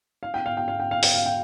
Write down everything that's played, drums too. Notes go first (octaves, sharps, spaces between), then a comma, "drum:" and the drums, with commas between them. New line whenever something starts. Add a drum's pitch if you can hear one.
F5
G5
F5
G5
F5
G5
F5
G5, drum: open hi-hat
F5
G5